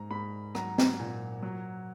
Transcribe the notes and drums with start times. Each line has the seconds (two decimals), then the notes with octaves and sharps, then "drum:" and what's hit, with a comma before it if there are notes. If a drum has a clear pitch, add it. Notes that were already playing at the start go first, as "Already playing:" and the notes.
Already playing: G#2 A#5
0.11 G#2 B5
0.55 F#3 A#5, drum: rim click
0.78 drum: snare
1.00 A#2
1.42 F#3